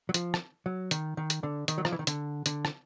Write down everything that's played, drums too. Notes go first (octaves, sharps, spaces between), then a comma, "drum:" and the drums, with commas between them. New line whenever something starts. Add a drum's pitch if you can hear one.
F#3
F3, drum: hi-hat
drum: rim click
F#3
D#3, drum: hi-hat
D#3
drum: hi-hat
D3
D#3, drum: hi-hat
F#3
F3, drum: rim click
E3
D#3
D3, drum: hi-hat
D3, drum: hi-hat
drum: rim click